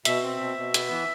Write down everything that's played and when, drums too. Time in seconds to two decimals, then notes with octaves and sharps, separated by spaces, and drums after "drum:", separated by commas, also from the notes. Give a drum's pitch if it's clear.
0.05 B2 E5, drum: hi-hat
0.23 C4
0.40 B2
0.57 B2
0.74 B3, drum: hi-hat
0.91 E3